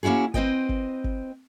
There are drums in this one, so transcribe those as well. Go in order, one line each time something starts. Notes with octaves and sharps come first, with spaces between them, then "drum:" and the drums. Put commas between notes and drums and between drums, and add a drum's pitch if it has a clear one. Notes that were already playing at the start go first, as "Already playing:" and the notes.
A#3 C#4 E4 F#4 G#4
C4 B4 C5 D#5 G5, drum: kick G1
drum: kick G1
drum: kick G1